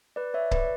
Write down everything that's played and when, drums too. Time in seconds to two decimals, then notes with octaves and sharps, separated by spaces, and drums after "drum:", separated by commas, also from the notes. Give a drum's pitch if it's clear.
0.16 B4 D5
0.34 C#5 E5
0.51 B4 D5, drum: kick C#1